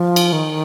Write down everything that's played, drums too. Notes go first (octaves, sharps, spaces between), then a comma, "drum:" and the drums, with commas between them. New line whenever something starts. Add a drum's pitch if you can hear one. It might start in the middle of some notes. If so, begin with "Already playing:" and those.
Already playing: F3
drum: cymbal
D#3